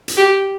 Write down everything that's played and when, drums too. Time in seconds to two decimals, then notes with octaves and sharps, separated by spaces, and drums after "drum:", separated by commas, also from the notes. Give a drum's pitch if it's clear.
0.08 drum: hi-hat
0.17 G4